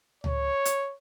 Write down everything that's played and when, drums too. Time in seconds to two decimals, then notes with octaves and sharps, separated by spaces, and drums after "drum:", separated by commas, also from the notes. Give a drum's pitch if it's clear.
0.24 C#5, drum: tom C#2
0.65 drum: hi-hat